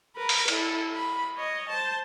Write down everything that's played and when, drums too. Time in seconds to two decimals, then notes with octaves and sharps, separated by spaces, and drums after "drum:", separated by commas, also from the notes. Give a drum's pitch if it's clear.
0.16 A#4 B4
0.29 drum: open hi-hat
0.48 E4 A4, drum: cymbal
0.93 B5
1.37 C#5 D#5
1.69 C5 A5